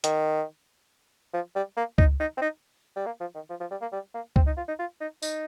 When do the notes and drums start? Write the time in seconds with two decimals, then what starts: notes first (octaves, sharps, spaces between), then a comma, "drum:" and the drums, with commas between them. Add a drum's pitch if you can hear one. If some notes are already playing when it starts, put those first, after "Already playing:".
0.04 D#3, drum: hi-hat
1.34 F3
1.56 G3
1.77 A#3
1.98 D#4, drum: kick
2.20 D#4
2.38 C4
2.42 D#4
2.96 G3
3.06 A#3
3.21 F3
3.35 D#3
3.50 F3
3.60 F3
3.71 G3
3.82 A#3
3.93 G3
4.14 A#3
4.36 C4, drum: kick
4.47 D#4
4.57 F4
4.68 D#4
4.79 F4
5.01 D#4
5.22 D#4, drum: tambourine